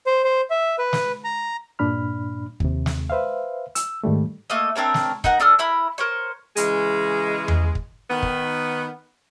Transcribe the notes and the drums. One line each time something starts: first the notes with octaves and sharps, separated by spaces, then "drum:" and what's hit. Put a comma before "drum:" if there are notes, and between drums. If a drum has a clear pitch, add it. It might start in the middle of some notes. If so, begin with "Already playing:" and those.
C5
C5
E5
B4
drum: snare
A#5
G2 A#2 D4 B5 F6
D#2 C3, drum: kick
drum: snare
B4 C5 E5 F5
E6, drum: hi-hat
G#2 D#3 G3 A3
A3 A#3 D#5
C4 D4 A#4 C#5
drum: snare
D#4 A#4 F#5 A#5, drum: kick
D4 A4 D#6 F6
E4 A#4 B5
A#4 C5 C#5
C#3 E3 G#3, drum: hi-hat
drum: tom E2
drum: kick
D#3 B3
drum: kick